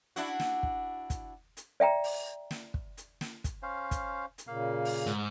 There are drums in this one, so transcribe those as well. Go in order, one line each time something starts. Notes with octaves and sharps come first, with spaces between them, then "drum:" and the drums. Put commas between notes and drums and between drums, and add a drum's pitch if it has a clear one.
D4 E4 F#4, drum: hi-hat
drum: snare
drum: kick
drum: kick, hi-hat
drum: hi-hat
D5 E5 G5 A#5
drum: open hi-hat
drum: snare
drum: kick
drum: hi-hat
drum: snare
drum: kick, hi-hat
C#4 C5 F5
drum: kick, hi-hat
drum: hi-hat
A#2 C#3 A#3 F5
drum: open hi-hat
G#2